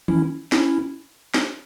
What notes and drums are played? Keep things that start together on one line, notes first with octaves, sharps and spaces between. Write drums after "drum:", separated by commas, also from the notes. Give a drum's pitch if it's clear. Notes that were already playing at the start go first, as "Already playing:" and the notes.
C#4 E4, drum: tom D#3
C#4 E4, drum: snare
drum: snare